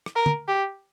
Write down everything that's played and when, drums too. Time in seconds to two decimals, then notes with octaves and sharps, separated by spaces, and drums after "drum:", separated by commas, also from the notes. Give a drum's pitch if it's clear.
0.06 drum: rim click
0.16 A#4
0.26 drum: tom
0.48 G4